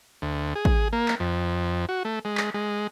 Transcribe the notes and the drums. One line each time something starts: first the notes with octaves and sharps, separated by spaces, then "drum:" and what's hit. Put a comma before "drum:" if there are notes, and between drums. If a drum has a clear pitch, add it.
D2
G#4
drum: kick
A#3
drum: clap
F2
F#4
A3
G#3
drum: clap
G#3